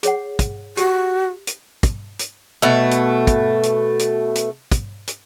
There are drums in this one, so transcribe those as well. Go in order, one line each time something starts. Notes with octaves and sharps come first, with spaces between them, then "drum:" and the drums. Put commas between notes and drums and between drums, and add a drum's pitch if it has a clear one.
G#4 C#5 F#5, drum: hi-hat
drum: kick, hi-hat
F#4 G4, drum: hi-hat
drum: hi-hat
drum: kick, hi-hat
drum: hi-hat
B2 A3
drum: hi-hat
drum: kick, hi-hat
drum: hi-hat
drum: hi-hat
drum: hi-hat
drum: kick, hi-hat
drum: hi-hat